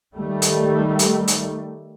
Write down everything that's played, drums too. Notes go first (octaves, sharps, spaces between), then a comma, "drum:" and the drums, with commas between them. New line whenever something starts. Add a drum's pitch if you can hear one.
D#3 G3 A3
drum: hi-hat
drum: hi-hat
drum: hi-hat